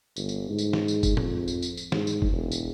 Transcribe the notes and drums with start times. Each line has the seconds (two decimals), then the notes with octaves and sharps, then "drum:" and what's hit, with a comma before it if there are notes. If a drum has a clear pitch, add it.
0.16 G1, drum: tambourine
0.29 drum: tambourine
0.49 G#2
0.59 drum: tambourine
0.73 drum: snare
0.88 drum: tambourine
1.03 drum: kick F#1, tambourine
1.17 F2, drum: tom
1.48 drum: tambourine
1.62 drum: tambourine
1.77 drum: tambourine
1.92 G#2, drum: snare
2.07 drum: tambourine
2.22 drum: kick F#1
2.31 E1
2.52 drum: tambourine